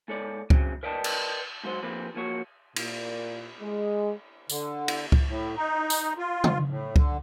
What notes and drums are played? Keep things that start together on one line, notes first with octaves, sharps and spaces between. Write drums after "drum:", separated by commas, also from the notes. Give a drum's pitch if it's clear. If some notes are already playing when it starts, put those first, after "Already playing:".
G#2 A4 C#5 D5
C#3 F#3 C4, drum: kick C#2
A#4 B4 D5 D#5 G5 A5
drum: cymbal
G#2 F#3 E4 F#4 C5
F3 A#3 C4 G4 B4
F3 A#3 F#4 C#5
A#2, drum: cymbal
G#3
D3, drum: tambourine
drum: cymbal
drum: kick C#2
A2
D#4
drum: tambourine
F4
drum: tom C#3
A2
D3, drum: kick C#2